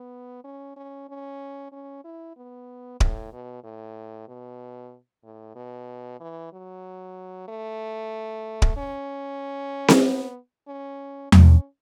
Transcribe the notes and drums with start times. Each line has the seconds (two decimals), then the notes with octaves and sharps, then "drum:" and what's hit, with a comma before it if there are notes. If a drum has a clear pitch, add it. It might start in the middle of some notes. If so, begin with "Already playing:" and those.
Already playing: B3
0.44 C#4
0.76 C#4
1.09 C#4
1.72 C#4
2.04 E4
2.37 B3
3.00 A2, drum: kick D1
3.33 B2
3.64 A2
4.28 B2
5.24 A2
5.56 B2
6.21 E3
6.53 F#3
7.48 A3
8.62 drum: kick D1
8.76 C#4
9.88 drum: snare C4
10.04 B3
10.68 C#4
11.32 C#4, drum: tom E2